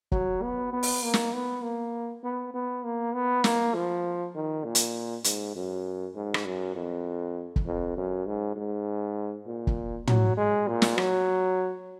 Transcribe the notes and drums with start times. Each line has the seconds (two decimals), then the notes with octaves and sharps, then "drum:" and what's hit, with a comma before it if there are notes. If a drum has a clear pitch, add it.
0.12 F#3, drum: kick
0.42 B3
0.73 B3
0.83 drum: open hi-hat
1.03 A#3
1.14 drum: snare
1.33 B3
1.62 A#3
2.24 B3
2.54 B3
2.84 A#3
3.13 B3
3.44 A#3, drum: snare
3.74 F3
4.35 D#3
4.64 A#2
4.75 drum: hi-hat
5.24 G#2, drum: hi-hat
5.55 F#2
6.16 G#2
6.34 drum: rim click
6.45 F#2
6.75 F2
7.56 drum: kick
7.66 F2
7.97 F#2
8.26 G#2
8.56 G#2
9.47 A#2
9.67 drum: kick
10.07 F#3, drum: tom
10.37 G#3
10.67 A#2
10.82 drum: snare
10.98 F#3, drum: rim click